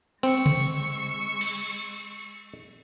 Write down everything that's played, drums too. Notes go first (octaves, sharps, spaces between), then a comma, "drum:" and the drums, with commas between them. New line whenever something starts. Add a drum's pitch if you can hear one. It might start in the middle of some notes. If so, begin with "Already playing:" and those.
G#3 C4 C#6 E6, drum: cymbal
drum: tom C3
drum: cymbal